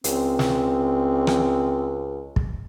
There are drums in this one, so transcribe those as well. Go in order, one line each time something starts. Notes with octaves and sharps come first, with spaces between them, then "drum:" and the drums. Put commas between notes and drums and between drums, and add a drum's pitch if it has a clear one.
C#2 C4, drum: hi-hat
drum: snare
drum: rim click
drum: kick